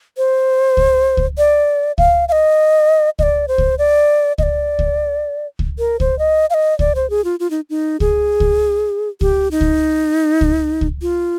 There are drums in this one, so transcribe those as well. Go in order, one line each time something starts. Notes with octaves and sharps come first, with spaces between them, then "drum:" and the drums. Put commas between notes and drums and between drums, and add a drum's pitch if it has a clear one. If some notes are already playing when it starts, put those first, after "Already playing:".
C5
drum: kick C#2
drum: kick C#2
D5
F5, drum: kick C#2
F5
D#5
D#5, drum: kick C#2
D5
C5
drum: kick C#2
D5
D#5, drum: kick C#2
D5
drum: kick C#2
drum: kick C#2
A#4
C5, drum: kick C#2
D#5
F5
D#5
D5, drum: kick C#2
C5
G#4
F4
F4
D#4
D#4
G#4, drum: kick C#2
drum: kick C#2
G4, drum: kick C#2
D#4
drum: kick C#2
drum: kick C#2
drum: kick C#2
F4